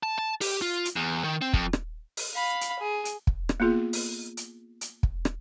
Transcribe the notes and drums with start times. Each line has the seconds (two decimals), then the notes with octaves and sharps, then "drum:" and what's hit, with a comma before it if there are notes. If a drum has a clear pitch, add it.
0.03 A5
0.19 A5
0.41 G4, drum: open hi-hat
0.62 F4
0.85 drum: hi-hat
0.96 E2
1.24 D#3
1.42 C4
1.53 F2, drum: kick
1.73 drum: rim click
2.17 drum: open hi-hat
2.33 F5 B5
2.61 drum: hi-hat
2.79 G#4
3.05 drum: hi-hat
3.27 drum: kick
3.49 drum: rim click
3.60 A#3 B3 F4 G#4
3.93 drum: open hi-hat
4.37 drum: hi-hat
4.81 drum: hi-hat
5.03 drum: kick
5.25 drum: rim click